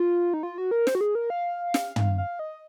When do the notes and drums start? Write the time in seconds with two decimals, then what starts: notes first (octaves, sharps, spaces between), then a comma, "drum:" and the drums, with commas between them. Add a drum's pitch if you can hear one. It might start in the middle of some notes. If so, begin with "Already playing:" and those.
Already playing: F4
0.34 D#4
0.43 F4
0.58 F#4
0.71 A#4
0.87 C5, drum: snare
0.95 F#4
1.01 G#4
1.15 A#4
1.30 F5
1.74 drum: snare
1.96 drum: tom
2.18 F5
2.39 D#5